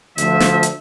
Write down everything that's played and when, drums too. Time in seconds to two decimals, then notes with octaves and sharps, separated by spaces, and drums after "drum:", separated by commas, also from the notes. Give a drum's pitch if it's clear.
0.18 D2 F3 E5, drum: hi-hat
0.40 drum: snare
0.63 drum: hi-hat